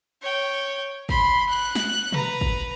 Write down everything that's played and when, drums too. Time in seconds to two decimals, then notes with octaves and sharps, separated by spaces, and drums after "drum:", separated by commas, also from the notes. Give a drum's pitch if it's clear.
0.22 C#5 G5
1.09 B5 C6, drum: kick
1.49 F#6
1.75 drum: snare
2.12 B4 A#5, drum: tom B2
2.41 drum: kick